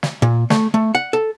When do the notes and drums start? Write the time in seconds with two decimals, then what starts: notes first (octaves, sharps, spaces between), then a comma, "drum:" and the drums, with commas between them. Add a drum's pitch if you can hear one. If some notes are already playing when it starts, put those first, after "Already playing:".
0.03 drum: snare
0.22 A#2
0.50 A3, drum: snare
0.74 A3
0.95 F#5
1.13 A4